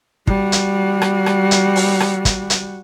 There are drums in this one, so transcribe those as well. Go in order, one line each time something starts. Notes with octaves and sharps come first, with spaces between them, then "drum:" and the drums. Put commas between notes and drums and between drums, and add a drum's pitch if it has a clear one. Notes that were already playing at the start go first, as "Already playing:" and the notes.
G3 F#4, drum: kick
drum: hi-hat
drum: rim click
drum: rim click
drum: hi-hat
drum: open hi-hat
drum: rim click
drum: kick, hi-hat
drum: hi-hat